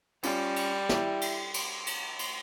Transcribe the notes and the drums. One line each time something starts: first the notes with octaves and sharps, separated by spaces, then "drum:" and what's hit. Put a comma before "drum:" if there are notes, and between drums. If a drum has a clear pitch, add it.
G3 C#4 F4, drum: cymbal
drum: cymbal
E4 G4, drum: snare
drum: cymbal
drum: cymbal
drum: cymbal
drum: cymbal